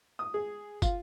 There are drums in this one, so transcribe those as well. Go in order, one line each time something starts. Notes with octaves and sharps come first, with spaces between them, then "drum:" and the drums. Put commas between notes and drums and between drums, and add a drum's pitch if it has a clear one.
D#6
G#4
F4, drum: kick, tambourine